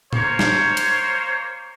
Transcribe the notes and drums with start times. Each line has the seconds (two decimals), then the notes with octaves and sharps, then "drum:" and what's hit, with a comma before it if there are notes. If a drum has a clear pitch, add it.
0.13 A#3 C5 C#5, drum: tom A2
0.39 drum: snare
0.77 drum: hi-hat